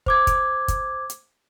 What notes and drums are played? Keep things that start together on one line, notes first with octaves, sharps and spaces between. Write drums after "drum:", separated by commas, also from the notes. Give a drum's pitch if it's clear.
C5 D6 G#6, drum: kick
drum: kick, hi-hat
drum: kick, hi-hat
drum: hi-hat